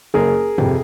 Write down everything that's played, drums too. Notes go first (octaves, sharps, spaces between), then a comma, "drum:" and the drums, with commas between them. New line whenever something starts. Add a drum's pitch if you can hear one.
F#1 G#4 A#4
F2 C3, drum: tom G2